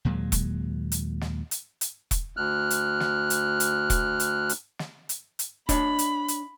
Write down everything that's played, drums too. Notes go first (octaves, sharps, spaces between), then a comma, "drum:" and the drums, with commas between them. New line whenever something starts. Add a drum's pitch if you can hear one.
D#2 A#2 F#3 G#3
drum: kick E1, hi-hat
drum: hi-hat
drum: snare
drum: hi-hat
drum: hi-hat
drum: kick E1, hi-hat
D2 F6 F#6
drum: hi-hat
drum: snare
drum: hi-hat
drum: hi-hat
drum: kick E1, hi-hat
drum: hi-hat
drum: hi-hat
drum: snare
drum: hi-hat
drum: hi-hat
D4 C#5 D#5 B5, drum: kick E1, hi-hat
drum: hi-hat
drum: hi-hat